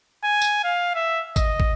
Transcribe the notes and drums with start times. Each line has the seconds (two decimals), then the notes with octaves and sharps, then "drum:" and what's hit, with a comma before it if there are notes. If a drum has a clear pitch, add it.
0.24 G#5
0.42 drum: tambourine
0.64 F5
0.95 E5
1.36 D#5, drum: kick, tambourine
1.60 drum: kick